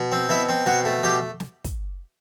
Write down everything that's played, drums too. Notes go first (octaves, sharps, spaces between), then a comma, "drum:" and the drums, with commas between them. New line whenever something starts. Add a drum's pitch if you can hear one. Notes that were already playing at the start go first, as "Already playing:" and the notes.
Already playing: B2
C4
B2 E4
C4
B2 F#4, drum: snare
A3
B2 G4
drum: snare
drum: kick, hi-hat